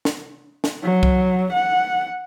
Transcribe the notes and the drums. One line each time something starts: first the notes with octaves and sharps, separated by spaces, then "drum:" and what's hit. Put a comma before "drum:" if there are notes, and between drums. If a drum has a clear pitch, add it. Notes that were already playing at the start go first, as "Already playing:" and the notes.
drum: snare
drum: snare
F#3
drum: kick
F#5